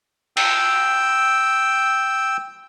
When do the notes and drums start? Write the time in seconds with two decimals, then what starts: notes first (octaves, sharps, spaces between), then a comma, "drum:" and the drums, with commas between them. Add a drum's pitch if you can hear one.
0.37 G5 E6, drum: cymbal